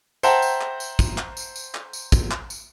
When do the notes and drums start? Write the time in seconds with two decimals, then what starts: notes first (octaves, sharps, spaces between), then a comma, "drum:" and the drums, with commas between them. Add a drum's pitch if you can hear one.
0.23 C5 E5 F#5 G5 A5 A#5, drum: tambourine
0.42 drum: tambourine
0.61 drum: clap
0.80 drum: tambourine
0.99 drum: kick, tambourine
1.18 drum: clap
1.37 drum: tambourine
1.56 drum: tambourine
1.75 drum: clap
1.93 drum: tambourine
2.12 drum: kick, tambourine
2.31 drum: clap
2.50 drum: tambourine